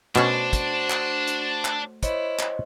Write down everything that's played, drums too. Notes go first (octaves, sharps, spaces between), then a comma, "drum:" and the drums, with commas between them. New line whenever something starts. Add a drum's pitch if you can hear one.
B2 A3 C#4 D4 F#4 C5, drum: clap
drum: kick, hi-hat
drum: clap
drum: hi-hat
drum: clap
E4 C5 C#5 D#5, drum: kick, hi-hat
drum: clap